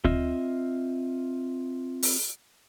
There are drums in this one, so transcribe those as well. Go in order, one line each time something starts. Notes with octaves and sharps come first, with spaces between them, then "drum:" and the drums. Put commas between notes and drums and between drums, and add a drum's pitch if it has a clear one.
C4 F4 D#5 E5, drum: kick D2
drum: open hi-hat